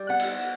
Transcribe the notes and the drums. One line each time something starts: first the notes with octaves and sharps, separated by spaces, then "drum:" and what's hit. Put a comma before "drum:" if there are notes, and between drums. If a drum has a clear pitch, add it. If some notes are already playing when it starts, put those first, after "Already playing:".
Already playing: G3
B3 F#5
drum: cymbal